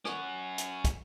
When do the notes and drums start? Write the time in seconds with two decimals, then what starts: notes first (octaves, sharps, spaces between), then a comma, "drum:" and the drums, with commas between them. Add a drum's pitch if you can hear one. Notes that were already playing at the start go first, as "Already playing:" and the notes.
0.05 C#4 F#4, drum: rim click
0.58 drum: hi-hat
0.84 drum: kick, hi-hat